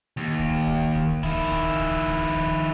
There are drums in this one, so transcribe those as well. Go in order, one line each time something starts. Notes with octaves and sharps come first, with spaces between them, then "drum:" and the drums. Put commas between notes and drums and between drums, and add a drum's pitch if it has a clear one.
D#2
drum: kick
drum: kick
drum: kick
D#3 E4, drum: kick
drum: kick
drum: kick
drum: kick
drum: kick